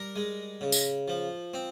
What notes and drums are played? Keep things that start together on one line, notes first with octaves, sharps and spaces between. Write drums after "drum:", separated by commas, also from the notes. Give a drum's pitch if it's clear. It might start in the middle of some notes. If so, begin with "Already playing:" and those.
Already playing: G3 A#4
G#3
C#3
drum: tambourine
F3
C4